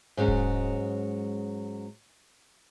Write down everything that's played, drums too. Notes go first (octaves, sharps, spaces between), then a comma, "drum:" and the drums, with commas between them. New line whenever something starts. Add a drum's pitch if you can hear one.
G#2 F#3 G#3 C#4
drum: kick D#1